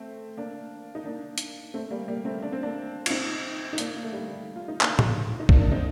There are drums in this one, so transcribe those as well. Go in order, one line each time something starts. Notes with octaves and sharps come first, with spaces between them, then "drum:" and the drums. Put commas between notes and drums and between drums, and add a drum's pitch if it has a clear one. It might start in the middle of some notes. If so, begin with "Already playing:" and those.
Already playing: A3 C4
A#3 D4
D#4
A#3 D4
drum: hi-hat
A3 C4
G3 A#3
G3 A#3
A3 C4
D4
C4
A#3 D4
F4, drum: cymbal
C4 D#4
D#4
A#3 D4, drum: hi-hat
A#3
A3
G3 A#3
F4
D#4
A#3 D4, drum: clap
drum: tom A2
D#4
A#3 D4, drum: kick A#1
D#4
A#3 D4
C4 D#4